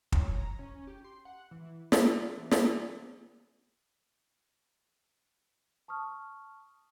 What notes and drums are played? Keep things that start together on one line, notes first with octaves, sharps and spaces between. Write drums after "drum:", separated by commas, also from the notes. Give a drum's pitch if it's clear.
C#5, drum: kick
A#5
C#4
G4
C6
F#5
E3
G#5, drum: snare
F4
E3
drum: snare
G#4
A5 C#6 D#6 F6